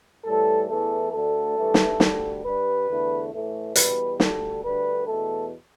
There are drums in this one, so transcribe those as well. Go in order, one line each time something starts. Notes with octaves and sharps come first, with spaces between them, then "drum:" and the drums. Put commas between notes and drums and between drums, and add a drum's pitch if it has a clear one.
A2 E3 G3 A4
E2 E3 A3 A4
D2 D3 A3 A4
G2 E3 A3
drum: snare
D2 D3 G3, drum: snare
G2 G3 B4
E2 D3 A3
A2 E3 A3
E2 B2 G3 B4, drum: hi-hat
D2 D3 G3 A4, drum: snare
D2 D3 G3 B4
E2 B2 A3 A4